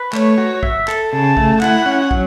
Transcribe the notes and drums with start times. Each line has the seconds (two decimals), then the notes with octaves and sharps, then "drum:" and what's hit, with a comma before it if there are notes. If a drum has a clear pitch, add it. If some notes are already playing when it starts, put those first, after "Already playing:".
Already playing: B4
0.13 A3 C#5, drum: clap
0.38 F#4
0.63 E5, drum: kick
0.88 A4, drum: clap
1.12 C#3 A5
1.37 A3, drum: kick
1.61 E4 F#5, drum: clap
1.86 C#4
2.11 F#3, drum: kick